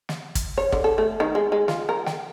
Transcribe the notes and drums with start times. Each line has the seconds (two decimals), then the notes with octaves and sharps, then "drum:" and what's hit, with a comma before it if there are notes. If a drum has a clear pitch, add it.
0.09 drum: snare
0.35 drum: kick, hi-hat
0.58 C#5
0.72 D3, drum: kick
0.84 A4
0.98 A3
1.20 D#3
1.35 G#3
1.52 G#3
1.68 F4, drum: snare
1.89 A#4
2.06 G5, drum: snare